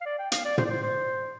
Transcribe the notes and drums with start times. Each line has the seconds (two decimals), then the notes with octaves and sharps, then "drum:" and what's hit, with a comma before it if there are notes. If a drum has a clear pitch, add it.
0.01 F5
0.06 D5
0.19 G5
0.32 F5, drum: hi-hat
0.45 D5
0.58 C5, drum: tom
0.65 D5
0.71 C5
0.83 C5